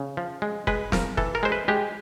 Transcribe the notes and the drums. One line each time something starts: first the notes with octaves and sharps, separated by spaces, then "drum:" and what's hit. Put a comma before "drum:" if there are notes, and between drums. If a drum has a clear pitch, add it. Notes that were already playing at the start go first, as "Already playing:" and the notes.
Already playing: C#3
F3
G#3
G#3 B4, drum: kick
F3 A#4, drum: snare
E3 A4, drum: kick
A#4
G#3 C5
B4
G#3 G4